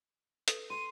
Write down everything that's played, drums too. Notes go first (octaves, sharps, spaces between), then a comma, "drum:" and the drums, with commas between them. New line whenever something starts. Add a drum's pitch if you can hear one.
A4 B4 D#6, drum: hi-hat
C6 D#7